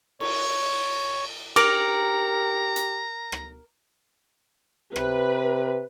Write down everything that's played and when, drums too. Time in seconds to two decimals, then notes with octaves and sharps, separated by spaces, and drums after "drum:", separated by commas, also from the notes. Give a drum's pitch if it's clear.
0.20 C#5, drum: cymbal
1.56 G4 A#4 A#5 D6, drum: cymbal
2.76 drum: hi-hat
3.32 drum: rim click
4.96 C3 B4, drum: rim click